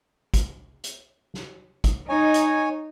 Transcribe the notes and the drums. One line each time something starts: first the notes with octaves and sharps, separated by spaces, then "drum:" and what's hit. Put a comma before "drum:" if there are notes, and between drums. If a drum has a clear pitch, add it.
drum: kick, hi-hat
drum: hi-hat
drum: snare
drum: kick, hi-hat
D#4 C#5 G#5
drum: hi-hat